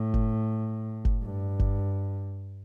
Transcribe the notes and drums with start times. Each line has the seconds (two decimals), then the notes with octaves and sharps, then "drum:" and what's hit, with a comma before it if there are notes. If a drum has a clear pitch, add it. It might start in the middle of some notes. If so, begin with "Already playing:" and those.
Already playing: A2
0.14 drum: kick F#1
1.05 drum: kick F#1
1.22 G2
1.59 drum: kick F#1